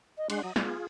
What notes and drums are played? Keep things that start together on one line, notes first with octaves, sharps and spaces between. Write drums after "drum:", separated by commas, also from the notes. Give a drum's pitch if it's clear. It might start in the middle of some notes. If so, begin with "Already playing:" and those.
D#5
G#3 D4 F#5 C6, drum: cymbal
F#3 D#5
B3 F4 G#4, drum: snare